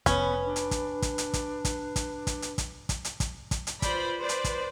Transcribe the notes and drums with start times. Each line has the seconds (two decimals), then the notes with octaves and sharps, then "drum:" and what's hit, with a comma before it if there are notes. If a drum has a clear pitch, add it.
0.06 F1 B3 C#4 B4 B5, drum: kick, hi-hat
0.46 D4
0.56 drum: hi-hat
0.71 drum: kick, hi-hat
1.02 drum: kick, hi-hat
1.18 drum: hi-hat
1.34 drum: kick, hi-hat
1.65 drum: kick, hi-hat
1.96 drum: kick, hi-hat
2.27 drum: kick, hi-hat
2.42 drum: hi-hat
2.58 drum: kick, hi-hat
2.89 drum: kick, hi-hat
3.05 drum: hi-hat
3.20 drum: kick, hi-hat
3.51 drum: kick, hi-hat
3.67 drum: hi-hat
3.82 F4 B4 C5 D5 B5, drum: kick, hi-hat
4.20 B4 C5 D5
4.29 drum: hi-hat
4.44 drum: kick, hi-hat